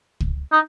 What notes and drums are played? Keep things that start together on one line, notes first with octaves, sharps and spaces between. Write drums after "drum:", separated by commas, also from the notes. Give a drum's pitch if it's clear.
drum: kick
D#4